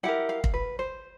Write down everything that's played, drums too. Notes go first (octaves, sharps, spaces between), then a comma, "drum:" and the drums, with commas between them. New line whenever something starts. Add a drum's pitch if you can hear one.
E4 G4 A#4 F#5
F5
drum: kick
B4
C5